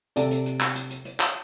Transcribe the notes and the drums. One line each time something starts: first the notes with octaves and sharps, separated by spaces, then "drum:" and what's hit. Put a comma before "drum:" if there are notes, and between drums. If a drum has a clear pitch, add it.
C3 A4 D5, drum: hi-hat
drum: hi-hat
drum: hi-hat
drum: clap
drum: hi-hat
drum: hi-hat
drum: hi-hat
drum: clap